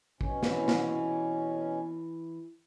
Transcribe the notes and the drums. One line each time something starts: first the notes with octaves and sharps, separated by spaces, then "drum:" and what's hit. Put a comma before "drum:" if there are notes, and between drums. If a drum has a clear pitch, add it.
B2 C#4, drum: kick
E3 C4, drum: snare
drum: snare